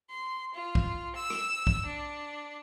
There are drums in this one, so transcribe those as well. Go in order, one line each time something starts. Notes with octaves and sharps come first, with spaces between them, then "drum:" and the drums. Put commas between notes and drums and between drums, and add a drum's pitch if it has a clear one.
C6
F4
drum: kick
E6
drum: rim click
drum: kick
D4